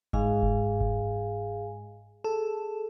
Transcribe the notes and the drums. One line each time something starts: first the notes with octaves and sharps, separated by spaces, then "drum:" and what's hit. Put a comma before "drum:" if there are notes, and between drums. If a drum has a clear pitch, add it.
G#2 G#4 F5 G#5, drum: kick F#1
drum: kick F#1
drum: kick F#1
G#4 A4